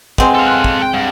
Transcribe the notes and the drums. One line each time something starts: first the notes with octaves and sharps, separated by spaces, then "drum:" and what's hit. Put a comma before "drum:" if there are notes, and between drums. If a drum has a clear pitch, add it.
G#3 C4 B4 F#5 G#5, drum: kick
A4 F5
C6 F#6
drum: kick
G5
G2 F#5 G5